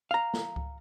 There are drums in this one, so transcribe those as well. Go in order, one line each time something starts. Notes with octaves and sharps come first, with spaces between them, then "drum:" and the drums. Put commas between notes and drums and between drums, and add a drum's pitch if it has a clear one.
F5 A#5
drum: snare
drum: kick C#2